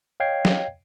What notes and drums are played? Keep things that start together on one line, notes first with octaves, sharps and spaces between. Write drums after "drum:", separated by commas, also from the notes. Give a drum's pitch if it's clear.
C#5 D#5 F5 G5 G#6 C7
drum: snare